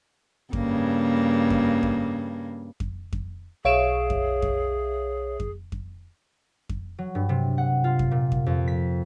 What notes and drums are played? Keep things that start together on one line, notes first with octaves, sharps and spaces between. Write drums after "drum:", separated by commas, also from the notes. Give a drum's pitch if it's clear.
G2 C#3 A#3, drum: kick F2
drum: kick F2
drum: kick F2
drum: kick F2
drum: kick F2
B1 G#4 C#5 E5 F5 D7 E7
drum: kick F2
drum: kick F2
drum: kick F2
drum: kick F2
drum: kick F2
F#3
G2
C3
F#5
F4
drum: kick F2
A#2
drum: kick F2
F2
B6